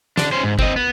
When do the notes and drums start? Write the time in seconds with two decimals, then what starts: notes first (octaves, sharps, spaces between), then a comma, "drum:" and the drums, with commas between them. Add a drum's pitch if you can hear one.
0.17 D3 D4, drum: snare
0.32 C#4 C5
0.43 G#2
0.59 C4 D#5, drum: kick F#1
0.76 B3